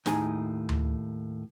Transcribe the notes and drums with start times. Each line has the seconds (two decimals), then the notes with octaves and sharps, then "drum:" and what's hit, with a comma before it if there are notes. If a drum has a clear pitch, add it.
0.06 D#2 A2 D#4 G#4 G#5, drum: snare
0.69 drum: tom D2